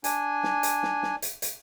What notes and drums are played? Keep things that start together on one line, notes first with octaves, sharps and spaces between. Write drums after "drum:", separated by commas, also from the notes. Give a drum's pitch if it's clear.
D4 G#5, drum: hi-hat
drum: snare
drum: hi-hat
drum: snare
drum: snare
drum: hi-hat
drum: hi-hat